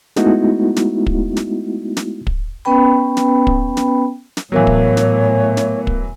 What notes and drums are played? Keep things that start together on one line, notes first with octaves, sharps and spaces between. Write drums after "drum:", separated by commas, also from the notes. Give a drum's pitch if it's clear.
G#3 A3 B3 D#4 E4 F#4, drum: snare
drum: snare
drum: kick
drum: snare
drum: snare
drum: kick
B3 C#4 B4 G5 B5
drum: snare
drum: kick
drum: snare
drum: snare
A2 E3 F#3 B3 A#4 C#5 F5
drum: kick
drum: snare
drum: snare
drum: kick